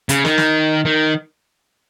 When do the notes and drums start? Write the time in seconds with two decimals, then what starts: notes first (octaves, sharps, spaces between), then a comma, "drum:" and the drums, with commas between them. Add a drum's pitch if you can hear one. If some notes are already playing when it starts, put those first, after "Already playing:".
0.09 C#3, drum: hi-hat
0.25 D#3, drum: snare
0.38 drum: snare
0.85 D#3